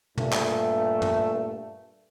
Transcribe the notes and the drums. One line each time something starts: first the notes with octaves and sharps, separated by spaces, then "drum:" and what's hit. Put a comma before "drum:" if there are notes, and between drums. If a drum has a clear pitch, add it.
G2 A#2 A3, drum: tom
drum: clap
drum: tom